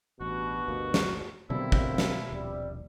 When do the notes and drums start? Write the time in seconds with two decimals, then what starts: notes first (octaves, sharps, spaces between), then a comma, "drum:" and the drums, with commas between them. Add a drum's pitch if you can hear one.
0.21 A1 G2 B2 F#4
0.68 G1 D2 A#3
0.94 drum: snare
1.50 B2 D3 F#3 G3 A#3 C4 E4
1.72 drum: kick
1.98 drum: snare
2.30 D#1 A#1 G2 C3 G3